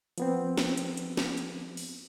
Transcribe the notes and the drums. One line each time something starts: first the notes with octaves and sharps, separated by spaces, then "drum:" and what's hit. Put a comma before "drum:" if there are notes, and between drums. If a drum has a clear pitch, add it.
F3 B3 C4, drum: hi-hat
drum: snare
drum: hi-hat
drum: hi-hat
drum: snare
drum: hi-hat
drum: open hi-hat